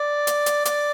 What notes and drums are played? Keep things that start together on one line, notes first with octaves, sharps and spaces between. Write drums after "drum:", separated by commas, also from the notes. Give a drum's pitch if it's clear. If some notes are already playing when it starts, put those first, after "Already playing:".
Already playing: D5
drum: hi-hat
drum: hi-hat
D5, drum: hi-hat